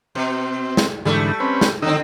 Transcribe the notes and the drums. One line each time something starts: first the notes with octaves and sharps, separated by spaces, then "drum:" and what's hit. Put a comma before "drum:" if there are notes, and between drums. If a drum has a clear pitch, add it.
B2 C4
drum: snare
G#2 D3 E3 G3 A3
C4 C#4 B4
drum: snare
D3 D#3 C4 D#4 E6